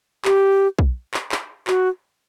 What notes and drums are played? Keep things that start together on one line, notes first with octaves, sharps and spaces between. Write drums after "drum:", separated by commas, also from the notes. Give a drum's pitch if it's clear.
G4, drum: clap
drum: kick B1
drum: clap
drum: clap
F#4, drum: clap